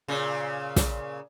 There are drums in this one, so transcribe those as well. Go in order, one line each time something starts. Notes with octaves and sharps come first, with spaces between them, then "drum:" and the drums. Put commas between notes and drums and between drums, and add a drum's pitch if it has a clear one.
A#2 C#3
drum: snare